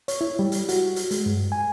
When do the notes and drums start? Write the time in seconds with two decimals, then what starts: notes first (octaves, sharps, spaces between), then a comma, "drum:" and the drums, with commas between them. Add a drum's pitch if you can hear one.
0.08 C#5, drum: hi-hat
0.21 E4
0.39 G3
0.52 drum: hi-hat
0.69 F#4, drum: hi-hat
0.96 drum: hi-hat
1.11 G#3, drum: hi-hat
1.26 G2
1.52 G#5